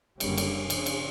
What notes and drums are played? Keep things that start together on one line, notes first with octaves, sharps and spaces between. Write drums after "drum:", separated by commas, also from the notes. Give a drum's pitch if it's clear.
F#1 D3 G3 A#3 C#4, drum: cymbal
drum: cymbal
C#3 F3, drum: cymbal
drum: cymbal